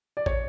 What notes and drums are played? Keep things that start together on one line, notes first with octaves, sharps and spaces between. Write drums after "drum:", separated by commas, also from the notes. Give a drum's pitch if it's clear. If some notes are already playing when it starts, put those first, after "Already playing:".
D5
C#5, drum: kick